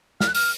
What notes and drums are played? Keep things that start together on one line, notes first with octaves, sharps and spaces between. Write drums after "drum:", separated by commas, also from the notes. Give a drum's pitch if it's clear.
F6, drum: snare
F#6
F6, drum: open hi-hat